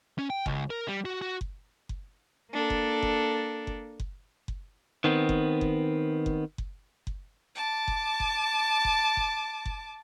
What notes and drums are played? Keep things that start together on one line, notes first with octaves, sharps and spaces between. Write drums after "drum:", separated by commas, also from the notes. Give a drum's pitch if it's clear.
C#4
G5
C#2, drum: kick F#1
A#4
G3
F#4
F#4
drum: kick F#1
drum: kick F#1
A#3 D4 A4
drum: kick F#1
drum: kick F#1
drum: kick F#1
drum: kick F#1
drum: kick F#1
D#3 B3 C4
drum: kick F#1
drum: kick F#1
drum: kick F#1
drum: kick F#1
drum: kick F#1
A5 D6
drum: kick F#1
drum: kick F#1
drum: kick F#1
drum: kick F#1
drum: kick F#1